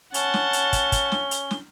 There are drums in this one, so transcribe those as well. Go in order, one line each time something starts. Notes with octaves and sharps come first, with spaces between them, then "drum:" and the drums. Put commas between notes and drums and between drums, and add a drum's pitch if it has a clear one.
C#4 F#5 A5 G7, drum: hi-hat
drum: snare
drum: hi-hat
drum: kick, hi-hat
drum: kick, hi-hat
drum: snare
drum: hi-hat
drum: snare